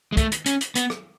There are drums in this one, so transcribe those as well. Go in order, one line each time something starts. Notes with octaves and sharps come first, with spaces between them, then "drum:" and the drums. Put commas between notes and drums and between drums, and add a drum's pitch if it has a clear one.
G#3
A3, drum: kick, hi-hat
drum: hi-hat
C#4, drum: hi-hat
drum: hi-hat
B3, drum: hi-hat
drum: rim click